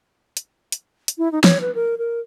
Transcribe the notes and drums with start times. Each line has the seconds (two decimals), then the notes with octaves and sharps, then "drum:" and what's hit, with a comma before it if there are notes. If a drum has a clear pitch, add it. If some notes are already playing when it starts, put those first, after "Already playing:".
0.37 drum: hi-hat
0.72 drum: hi-hat
1.08 drum: hi-hat
1.18 E4
1.32 D#4
1.44 C#5, drum: snare
1.61 B4
1.75 A#4
1.98 A#4